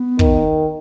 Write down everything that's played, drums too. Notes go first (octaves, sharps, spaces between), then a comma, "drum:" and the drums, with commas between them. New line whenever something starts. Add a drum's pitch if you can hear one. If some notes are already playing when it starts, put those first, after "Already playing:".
Already playing: B3
D#3, drum: kick